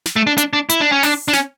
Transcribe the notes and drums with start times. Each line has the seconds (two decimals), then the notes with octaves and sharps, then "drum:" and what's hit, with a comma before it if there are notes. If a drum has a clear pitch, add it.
0.06 drum: snare
0.16 A3
0.27 D4
0.38 D4, drum: hi-hat
0.53 D4
0.69 E4, drum: hi-hat
0.81 D4
0.92 C#4
1.03 D4, drum: open hi-hat
1.28 D4
1.33 C#4, drum: snare